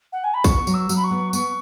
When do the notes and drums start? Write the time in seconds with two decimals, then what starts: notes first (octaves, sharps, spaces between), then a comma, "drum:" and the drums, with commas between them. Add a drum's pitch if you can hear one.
0.12 F#5
0.24 G#5
0.34 B5
0.44 B3 C#6, drum: kick, tambourine
0.67 F#3, drum: tambourine
0.74 E6
0.89 F#3, drum: tambourine
0.96 B5
1.04 C#6
1.11 B3
1.33 B3 C#6, drum: tambourine